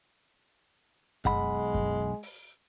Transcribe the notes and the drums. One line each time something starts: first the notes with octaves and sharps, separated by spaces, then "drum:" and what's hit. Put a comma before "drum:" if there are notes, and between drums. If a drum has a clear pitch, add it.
B1 G#3 F#5 B5, drum: kick F#2
drum: kick F#2
drum: open hi-hat